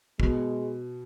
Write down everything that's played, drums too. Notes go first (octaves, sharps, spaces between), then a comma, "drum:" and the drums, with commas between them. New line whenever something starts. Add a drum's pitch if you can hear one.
B2 G#3, drum: kick